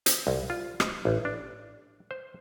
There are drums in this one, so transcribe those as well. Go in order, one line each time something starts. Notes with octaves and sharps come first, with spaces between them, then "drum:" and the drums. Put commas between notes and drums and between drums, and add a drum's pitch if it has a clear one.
C5, drum: hi-hat
C2
F4
D#5, drum: rim click
A1
D4
C5